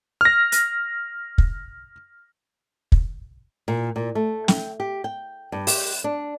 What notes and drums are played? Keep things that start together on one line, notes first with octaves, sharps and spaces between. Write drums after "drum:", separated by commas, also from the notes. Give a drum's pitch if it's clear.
F6 A#6
drum: hi-hat
drum: kick
drum: kick
A#2
A#2
A3
G5, drum: snare
G4
G5
G2
G4, drum: open hi-hat
D4